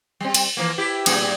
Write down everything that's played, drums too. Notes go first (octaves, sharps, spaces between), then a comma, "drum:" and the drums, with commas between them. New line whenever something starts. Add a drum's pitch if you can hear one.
G3 C4
drum: cymbal
E3 F3 A#3
E4 G4
F#2 A2 G#4, drum: cymbal